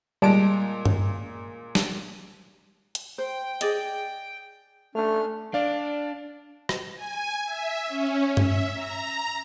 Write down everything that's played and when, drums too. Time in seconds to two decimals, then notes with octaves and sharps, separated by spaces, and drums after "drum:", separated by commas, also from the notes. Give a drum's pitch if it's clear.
0.22 A#2 G3 G#3 A5 D7
0.85 drum: tom G2
1.75 drum: snare
2.95 drum: hi-hat
3.18 C5 G5
3.61 G#4 D5 D#5, drum: hi-hat
4.95 A3 C#4 D4 F6
5.54 D4 D5 F5
6.69 drum: rim click
6.95 G#5
7.45 E5
7.86 C#4
8.37 E5, drum: tom G2
8.75 A#5